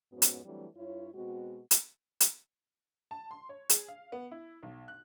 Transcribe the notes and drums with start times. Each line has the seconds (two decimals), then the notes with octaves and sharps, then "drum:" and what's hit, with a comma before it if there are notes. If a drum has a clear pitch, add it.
0.12 F2 G#2 B3 C#4 F#4
0.22 drum: hi-hat
0.45 E3 F#3 G3 A3 C4 D4
0.76 G2 E4 F4 C#5
1.15 B2 G#3 C4 F#4
1.71 drum: hi-hat
2.20 drum: hi-hat
3.11 A5
3.31 C6
3.49 C#5
3.70 G#4, drum: hi-hat
3.88 F5
4.12 B3
4.31 E4
4.63 B1
4.88 F#6